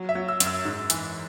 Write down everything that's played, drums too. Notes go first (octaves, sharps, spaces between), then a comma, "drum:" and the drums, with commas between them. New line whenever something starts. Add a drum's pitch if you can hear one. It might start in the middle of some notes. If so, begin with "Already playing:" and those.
Already playing: F#3
E5
F#3
E6
F#2, drum: hi-hat
E6
G#2
E3, drum: hi-hat